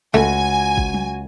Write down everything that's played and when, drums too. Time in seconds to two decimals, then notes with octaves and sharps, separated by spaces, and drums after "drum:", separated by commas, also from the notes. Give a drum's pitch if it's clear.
0.14 C#2 A3 F#4 G#5
0.77 drum: kick
0.94 drum: tom F#3